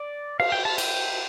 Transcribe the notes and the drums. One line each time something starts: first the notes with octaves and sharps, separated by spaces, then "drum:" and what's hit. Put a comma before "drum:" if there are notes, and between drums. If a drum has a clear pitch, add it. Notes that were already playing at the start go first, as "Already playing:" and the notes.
Already playing: D5
F5, drum: cymbal
G5
A5
G5, drum: cymbal